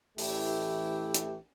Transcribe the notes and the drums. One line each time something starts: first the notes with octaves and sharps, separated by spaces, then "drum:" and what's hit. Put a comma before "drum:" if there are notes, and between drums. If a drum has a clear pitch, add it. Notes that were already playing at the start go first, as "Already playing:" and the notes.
A1 E3 A3 E4 G4, drum: open hi-hat
drum: hi-hat